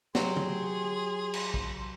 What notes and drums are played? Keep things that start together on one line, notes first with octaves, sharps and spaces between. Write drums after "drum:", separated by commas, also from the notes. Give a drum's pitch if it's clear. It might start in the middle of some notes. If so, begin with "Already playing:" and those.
F#3 G4 G#4 C6, drum: snare
drum: tom D3
drum: cymbal
drum: kick